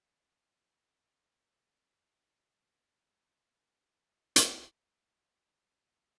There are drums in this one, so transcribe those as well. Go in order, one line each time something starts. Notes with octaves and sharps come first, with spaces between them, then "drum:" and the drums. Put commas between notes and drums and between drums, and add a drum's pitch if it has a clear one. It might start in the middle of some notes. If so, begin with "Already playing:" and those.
C5 B5 D#6 E6
D#3 G#5 C6
drum: hi-hat
G#3 D#4 F5 F#5
F#4